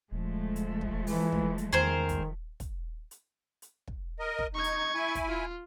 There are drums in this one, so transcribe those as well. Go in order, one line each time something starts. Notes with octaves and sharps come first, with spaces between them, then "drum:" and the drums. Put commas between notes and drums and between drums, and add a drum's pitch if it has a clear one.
D#1 F3 G#3 A3
drum: hi-hat
drum: kick
E3, drum: open hi-hat
drum: kick
drum: hi-hat
E2 D#3 G#4 A#4 C5
drum: kick, hi-hat
drum: kick, hi-hat
drum: hi-hat
drum: hi-hat
drum: kick
A#4 D#5
drum: kick
D#4 C#6 G#6
drum: hi-hat
E4 G#5
drum: kick, hi-hat
F4